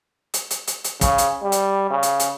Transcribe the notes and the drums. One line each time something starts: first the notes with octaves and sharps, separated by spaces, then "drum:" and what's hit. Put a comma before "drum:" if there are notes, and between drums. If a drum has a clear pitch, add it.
drum: hi-hat
drum: hi-hat
drum: hi-hat
drum: hi-hat
C#3, drum: kick, hi-hat
drum: hi-hat
G3
drum: hi-hat
C#3
drum: hi-hat
drum: hi-hat